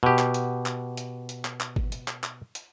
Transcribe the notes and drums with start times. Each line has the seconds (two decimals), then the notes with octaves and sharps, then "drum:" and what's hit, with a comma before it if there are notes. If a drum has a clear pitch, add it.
0.03 B2 G4
0.19 drum: clap
0.34 drum: hi-hat
0.66 drum: clap
0.97 drum: hi-hat
1.29 drum: hi-hat
1.45 drum: clap
1.61 drum: clap
1.76 drum: kick G1
1.92 drum: hi-hat
2.08 drum: clap
2.24 drum: clap
2.55 drum: hi-hat